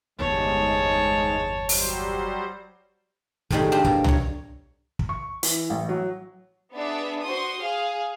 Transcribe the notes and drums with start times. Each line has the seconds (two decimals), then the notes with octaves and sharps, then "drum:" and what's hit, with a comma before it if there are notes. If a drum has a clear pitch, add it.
0.19 G1 E2 G#2 G#3 C#5 A5
1.69 F#3 G3 C5, drum: open hi-hat
3.51 A2 C3 D#3 G3 G#3, drum: kick
3.72 C4 D4 F4 G4
3.85 B2 A#3, drum: kick
4.04 A#3 C#5, drum: tom C2
4.99 drum: kick
5.09 C#6
5.43 E3, drum: hi-hat
5.70 A1
5.89 F#3
6.74 B3 D4 G#4 E5
7.24 F#4 C5 C6 D#6
7.61 G#4 F5